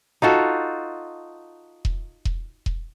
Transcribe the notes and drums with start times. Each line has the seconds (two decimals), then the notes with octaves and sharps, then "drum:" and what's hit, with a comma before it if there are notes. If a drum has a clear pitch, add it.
0.22 D#4 F4 F#4 A4
1.85 drum: kick E1
2.25 drum: kick E1
2.66 drum: kick E1